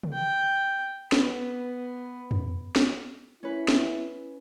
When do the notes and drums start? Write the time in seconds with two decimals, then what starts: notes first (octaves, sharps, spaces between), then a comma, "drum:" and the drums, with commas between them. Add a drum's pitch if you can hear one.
0.03 drum: tom
0.14 G5
1.12 B3, drum: snare
2.31 drum: tom
2.76 drum: snare
3.43 C#4 E4 B4
3.68 drum: snare